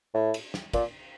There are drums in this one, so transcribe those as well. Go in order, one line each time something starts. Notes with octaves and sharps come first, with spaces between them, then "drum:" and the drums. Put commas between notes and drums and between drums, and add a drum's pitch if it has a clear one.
A2
drum: cymbal
drum: snare
A#2, drum: kick, cymbal